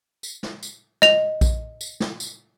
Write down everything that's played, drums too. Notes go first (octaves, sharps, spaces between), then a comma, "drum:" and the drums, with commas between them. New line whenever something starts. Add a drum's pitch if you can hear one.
drum: tambourine
drum: snare
drum: tambourine
D#5 F7, drum: snare
drum: kick A#1, tambourine
drum: tambourine
drum: snare
drum: tambourine